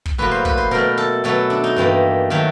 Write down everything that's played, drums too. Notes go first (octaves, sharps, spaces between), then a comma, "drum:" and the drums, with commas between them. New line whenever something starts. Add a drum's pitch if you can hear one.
drum: kick
A2 F#3 A#3 B4
C5
B4, drum: kick
C5
B2 F#3 A3 A#4
A4
B2 F#3 A3 A4
D4
D#4
G2 E3 G3 A#3
D#3 F#3 A3